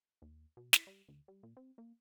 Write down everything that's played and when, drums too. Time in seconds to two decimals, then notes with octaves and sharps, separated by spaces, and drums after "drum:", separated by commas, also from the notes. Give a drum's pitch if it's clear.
0.22 D#2
0.57 B2
0.73 E4, drum: snare
0.87 G3
1.08 D2
1.28 G3
1.43 A#2
1.57 C4
1.78 A#3